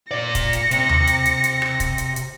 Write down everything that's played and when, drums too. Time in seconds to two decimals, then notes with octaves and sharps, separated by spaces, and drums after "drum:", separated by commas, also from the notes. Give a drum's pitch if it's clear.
0.11 A#2 D5 A#6 C#7
0.35 drum: kick, hi-hat
0.53 drum: hi-hat
0.71 C3, drum: hi-hat
0.89 drum: tom D#2
1.07 drum: hi-hat
1.26 drum: hi-hat
1.44 drum: hi-hat
1.62 drum: rim click
1.80 drum: kick, hi-hat
1.98 drum: hi-hat
2.16 drum: hi-hat